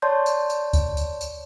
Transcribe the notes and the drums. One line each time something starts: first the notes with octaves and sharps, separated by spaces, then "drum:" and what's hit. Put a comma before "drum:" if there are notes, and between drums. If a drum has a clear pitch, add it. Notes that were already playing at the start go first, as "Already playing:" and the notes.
C#5 D5 A5 C6 G6
drum: tambourine
drum: tambourine
drum: kick C#2, tambourine
drum: tambourine
drum: tambourine